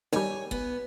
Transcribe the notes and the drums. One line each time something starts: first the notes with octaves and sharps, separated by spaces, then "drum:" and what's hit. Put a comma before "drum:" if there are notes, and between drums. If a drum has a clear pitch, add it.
D#3 G3 C#5 G#5, drum: snare D#4
B3, drum: kick F#1